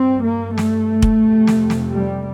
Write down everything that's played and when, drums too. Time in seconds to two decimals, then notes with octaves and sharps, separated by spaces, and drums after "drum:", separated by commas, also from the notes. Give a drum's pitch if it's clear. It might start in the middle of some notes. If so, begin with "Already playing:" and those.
Already playing: G2 C4
0.24 A#3
0.58 A3, drum: snare
1.02 drum: kick
1.25 F2 C3
1.47 drum: snare
1.70 drum: snare
1.92 G3